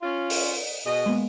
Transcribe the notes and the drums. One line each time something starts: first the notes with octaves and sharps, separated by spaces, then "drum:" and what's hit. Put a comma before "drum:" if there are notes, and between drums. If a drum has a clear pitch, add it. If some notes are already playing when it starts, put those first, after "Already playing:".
C#4 F4
drum: open hi-hat
B2 G#4 D#5
G#3 A#3 B3